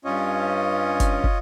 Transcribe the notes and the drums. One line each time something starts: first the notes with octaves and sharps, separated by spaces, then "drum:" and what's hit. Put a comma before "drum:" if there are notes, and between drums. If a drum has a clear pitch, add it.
G2 C#4 F4 C#5 D#5
drum: kick, hi-hat
drum: kick